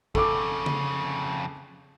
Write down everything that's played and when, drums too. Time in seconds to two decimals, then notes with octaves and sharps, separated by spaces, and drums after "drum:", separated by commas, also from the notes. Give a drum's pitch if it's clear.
0.15 F2 C#3 A4 D6, drum: kick
0.66 drum: tom C#3